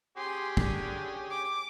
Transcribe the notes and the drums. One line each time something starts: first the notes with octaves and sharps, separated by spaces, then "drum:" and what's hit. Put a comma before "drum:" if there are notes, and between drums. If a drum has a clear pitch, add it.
C#4 G4 G#4 C6
D3, drum: kick
D6